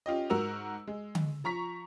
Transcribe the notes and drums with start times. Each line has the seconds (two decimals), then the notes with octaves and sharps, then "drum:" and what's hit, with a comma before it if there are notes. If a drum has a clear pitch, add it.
0.06 C#4 F4 G4 D#5
0.30 G#2 F#4 A#4 E6 F7
0.87 G#3
1.15 drum: tom D3
1.44 F3 A#5 C#6 B6